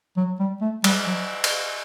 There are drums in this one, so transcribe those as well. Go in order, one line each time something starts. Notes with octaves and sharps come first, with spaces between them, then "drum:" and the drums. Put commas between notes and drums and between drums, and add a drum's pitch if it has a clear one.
F#3
G3
A3
G3, drum: cymbal
F#3
drum: cymbal